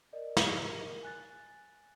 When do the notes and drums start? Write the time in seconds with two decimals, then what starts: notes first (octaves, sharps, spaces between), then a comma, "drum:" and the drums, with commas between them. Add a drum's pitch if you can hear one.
0.13 A#4 D5 D#5
0.37 G4 A#6, drum: snare
0.61 A#4
1.03 G#5 F#6 A6